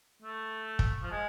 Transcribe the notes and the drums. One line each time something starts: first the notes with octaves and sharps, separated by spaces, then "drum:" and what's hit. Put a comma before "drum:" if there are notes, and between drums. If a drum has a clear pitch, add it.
A3
drum: kick
F3
G#3